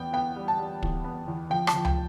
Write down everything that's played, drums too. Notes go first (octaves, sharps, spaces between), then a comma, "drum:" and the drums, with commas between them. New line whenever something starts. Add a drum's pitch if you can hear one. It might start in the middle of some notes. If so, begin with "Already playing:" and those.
Already playing: E2 B3 G5
B3 G5
G3
A5
G3
E2, drum: kick
B3
E2
F3 G5
A5, drum: rim click
F3
G5, drum: tom C#2